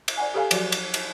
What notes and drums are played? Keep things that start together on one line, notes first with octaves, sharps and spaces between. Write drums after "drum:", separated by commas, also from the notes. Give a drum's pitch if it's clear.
drum: cymbal
D5 F#5 G#5
G4 A4 F5 G#5
F3 F#3 F#4 C#5, drum: cymbal
drum: cymbal
drum: cymbal